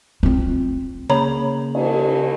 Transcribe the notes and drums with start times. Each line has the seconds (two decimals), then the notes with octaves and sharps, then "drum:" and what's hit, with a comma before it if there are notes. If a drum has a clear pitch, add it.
0.23 C4 F4
1.10 C#3 A#3 C#5 A#5 B5
1.74 drum: cymbal